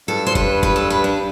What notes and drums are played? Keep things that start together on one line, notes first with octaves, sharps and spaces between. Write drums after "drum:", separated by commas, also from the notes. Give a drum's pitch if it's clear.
G2 A4
C5
B4, drum: kick
B4, drum: kick
A4
B4
D4